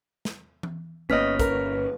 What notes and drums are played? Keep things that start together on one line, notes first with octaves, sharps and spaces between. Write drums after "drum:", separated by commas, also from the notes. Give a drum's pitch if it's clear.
drum: snare
drum: tom E3
G1 A#3 B3 C#4 C#5 D#5 F6 B6
A#4 B4, drum: kick, hi-hat